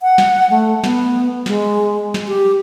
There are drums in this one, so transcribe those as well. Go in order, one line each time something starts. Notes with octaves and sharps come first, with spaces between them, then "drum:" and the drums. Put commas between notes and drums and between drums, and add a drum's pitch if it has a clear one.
F#5
drum: snare
A3
B3, drum: snare
G#3, drum: snare
drum: snare
G4